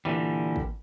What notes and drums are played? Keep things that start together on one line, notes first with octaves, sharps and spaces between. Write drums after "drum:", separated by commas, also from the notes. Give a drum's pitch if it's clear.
A#2 D3 E3 G3
drum: kick